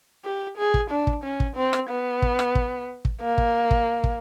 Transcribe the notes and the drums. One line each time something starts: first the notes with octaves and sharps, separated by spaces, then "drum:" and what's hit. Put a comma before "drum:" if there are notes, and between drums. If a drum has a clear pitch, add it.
G4
G#4
drum: kick
D4
drum: kick
C#4
drum: kick
C4
drum: rim click
B3
drum: kick
drum: rim click
drum: kick
drum: kick
A#3
drum: kick
drum: kick
drum: kick